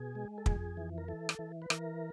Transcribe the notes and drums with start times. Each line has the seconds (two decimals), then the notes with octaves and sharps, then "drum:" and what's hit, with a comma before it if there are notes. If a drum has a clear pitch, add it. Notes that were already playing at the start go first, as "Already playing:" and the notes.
Already playing: B2 G#4
0.15 G#3
0.38 A4
0.46 F2 G#4, drum: kick
0.77 E3
0.98 A#4
1.08 E3 A4
1.29 drum: rim click
1.39 E3
1.62 B4
1.70 E3 A#4, drum: rim click